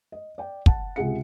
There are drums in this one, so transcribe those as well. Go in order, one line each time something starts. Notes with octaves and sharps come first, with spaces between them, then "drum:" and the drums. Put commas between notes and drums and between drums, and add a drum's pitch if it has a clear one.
D#5
D5 G5
F#5 A5, drum: kick
C#2 C3 F4 G#4 F#5 C#7